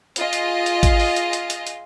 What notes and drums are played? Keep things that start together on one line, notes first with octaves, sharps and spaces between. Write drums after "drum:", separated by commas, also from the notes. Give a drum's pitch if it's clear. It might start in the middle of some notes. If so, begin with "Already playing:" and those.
F4 G#4 D#5, drum: hi-hat
drum: hi-hat
drum: hi-hat
drum: kick G#1, hi-hat
drum: open hi-hat
drum: hi-hat
drum: hi-hat
drum: hi-hat
drum: hi-hat